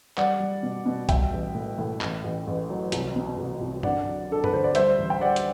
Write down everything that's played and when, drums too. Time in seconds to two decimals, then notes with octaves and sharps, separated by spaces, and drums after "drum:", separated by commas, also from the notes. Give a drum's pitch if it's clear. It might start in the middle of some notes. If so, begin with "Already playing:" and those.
0.18 G3 D5 F#5, drum: clap
0.40 G3
0.63 B2
0.86 B2
1.09 G3 E5 G5, drum: kick, hi-hat
1.32 A1
1.54 A2
1.78 A2
2.01 A1, drum: clap
2.24 A1
2.47 A1
2.70 F#3
2.92 C2, drum: hi-hat
3.16 B2
3.37 C2
3.61 C2
3.83 D3 D5 F#5, drum: tom G2
4.07 F#3
4.30 D3 A4
4.44 B4, drum: tom G2
4.53 D2 C5
4.64 D5
4.75 G3 C5 E5, drum: hi-hat
4.98 A1
5.10 G5
5.21 G3 D5 F#5
5.36 drum: hi-hat